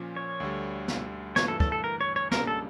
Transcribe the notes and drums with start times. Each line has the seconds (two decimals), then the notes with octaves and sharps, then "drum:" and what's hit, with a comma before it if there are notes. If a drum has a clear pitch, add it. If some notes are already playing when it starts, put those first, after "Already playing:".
Already playing: A#2 F3 C#4 F4
0.16 C#5
0.40 D2 D3 G3
0.88 drum: snare
1.36 G2 E3 A3 C#5, drum: snare
1.48 A4
1.60 A4, drum: kick
1.72 A4
1.84 A#4
2.01 C#5
2.16 C#5
2.31 C#2 C#3 G3 A#3 D4 A#4, drum: snare
2.47 A4